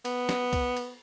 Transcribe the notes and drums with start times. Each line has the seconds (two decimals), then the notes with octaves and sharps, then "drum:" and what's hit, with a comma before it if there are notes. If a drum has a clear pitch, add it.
0.05 B3, drum: cymbal
0.29 drum: snare
0.53 drum: kick, cymbal
0.77 drum: cymbal